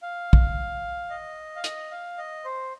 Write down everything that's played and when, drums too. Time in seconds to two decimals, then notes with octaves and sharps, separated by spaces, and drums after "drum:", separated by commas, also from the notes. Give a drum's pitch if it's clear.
0.02 F5
0.33 drum: kick
1.10 D#5
1.56 F5
1.64 D#5, drum: hi-hat
1.91 F5
2.18 D#5
2.45 C5